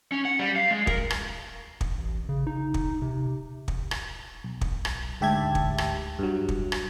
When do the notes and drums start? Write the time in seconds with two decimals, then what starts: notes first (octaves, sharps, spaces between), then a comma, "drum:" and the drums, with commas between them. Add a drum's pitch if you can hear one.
0.12 C#4
0.25 F#5
0.39 G3
0.56 F5
0.71 G#3
0.87 A#4, drum: kick
1.10 drum: rim click
1.81 drum: kick
1.98 A1
2.29 C#3
2.47 D#4
2.74 drum: kick
3.02 C3
3.68 drum: kick
3.91 drum: rim click
4.44 B1
4.61 drum: kick
4.85 drum: rim click
5.21 D2 G#2 G4 E5 A5 G#6
5.55 drum: kick
5.78 drum: rim click
6.19 G2 F#3
6.48 drum: kick
6.72 drum: rim click